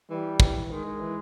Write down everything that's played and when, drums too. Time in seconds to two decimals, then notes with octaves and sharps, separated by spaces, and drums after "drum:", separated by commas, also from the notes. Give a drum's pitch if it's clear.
0.10 E3 G3
0.40 E3, drum: kick
0.70 D#3 G#3
0.85 D#3
1.00 E3